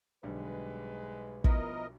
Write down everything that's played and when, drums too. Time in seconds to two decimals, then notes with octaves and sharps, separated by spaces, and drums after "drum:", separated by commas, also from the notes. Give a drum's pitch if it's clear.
0.23 B1 G#2 D3 G3 G#3 B4
1.44 F3 B3 E4 A#4 D#5, drum: kick